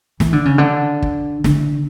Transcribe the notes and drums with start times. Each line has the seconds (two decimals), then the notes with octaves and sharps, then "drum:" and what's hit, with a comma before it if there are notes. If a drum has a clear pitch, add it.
0.20 E3, drum: snare
0.33 D3
0.45 C#3
0.58 D3
1.02 drum: kick
1.44 D3, drum: snare